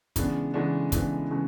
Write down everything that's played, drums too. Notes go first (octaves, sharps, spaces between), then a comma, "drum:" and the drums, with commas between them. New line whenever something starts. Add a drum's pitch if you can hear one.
C#3 E3 G#3 B3 D4, drum: kick, hi-hat
C#3 E3 G#3 B3 D4
C#3 E3 G#3 B3 D4, drum: kick, hi-hat
C#3 E3 G#3